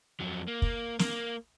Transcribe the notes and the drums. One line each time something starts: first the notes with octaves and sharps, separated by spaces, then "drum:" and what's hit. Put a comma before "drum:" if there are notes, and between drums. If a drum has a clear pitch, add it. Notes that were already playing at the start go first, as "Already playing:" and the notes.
F2 F#3
A#3
drum: kick
A#3, drum: snare